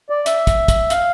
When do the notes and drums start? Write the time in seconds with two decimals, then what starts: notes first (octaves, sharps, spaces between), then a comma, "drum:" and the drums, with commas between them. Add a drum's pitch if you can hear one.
0.10 D5
0.26 E5, drum: hi-hat
0.47 drum: kick, hi-hat
0.68 drum: kick, hi-hat
0.90 F5, drum: hi-hat